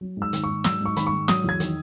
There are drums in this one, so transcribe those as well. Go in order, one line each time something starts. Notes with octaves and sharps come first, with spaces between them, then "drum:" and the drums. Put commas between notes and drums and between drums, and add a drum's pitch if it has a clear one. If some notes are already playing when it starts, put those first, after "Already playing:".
F#3
G#2
E6
D#3, drum: hi-hat
C#6
G#2
F#3 E6, drum: snare
G#2 C#6
D#3 B5, drum: hi-hat
C#6
G#2
F#3 D#6, drum: snare
E2 G#6
D#3, drum: hi-hat